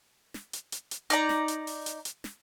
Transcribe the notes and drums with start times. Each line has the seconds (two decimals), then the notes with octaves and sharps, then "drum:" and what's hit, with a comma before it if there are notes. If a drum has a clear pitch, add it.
0.34 drum: snare
0.53 drum: hi-hat
0.72 drum: hi-hat
0.91 drum: hi-hat
1.10 D#4 D5 A#5, drum: hi-hat
1.29 drum: snare
1.48 drum: hi-hat
1.67 drum: open hi-hat
1.86 drum: hi-hat
2.05 drum: hi-hat
2.24 drum: snare